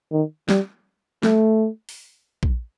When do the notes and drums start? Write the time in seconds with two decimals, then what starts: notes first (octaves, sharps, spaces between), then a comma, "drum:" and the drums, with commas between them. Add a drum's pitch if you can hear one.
0.12 D#3
0.49 G3, drum: snare
1.23 A3, drum: snare
1.89 drum: open hi-hat
2.43 drum: kick A#1